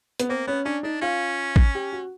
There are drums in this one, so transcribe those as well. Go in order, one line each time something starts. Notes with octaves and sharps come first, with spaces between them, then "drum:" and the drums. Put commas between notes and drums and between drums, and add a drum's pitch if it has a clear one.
B3, drum: hi-hat
A#3 C4
B3 C#4
C#4 D4
D4 D#4
C#4 F4
drum: kick
G4
F#4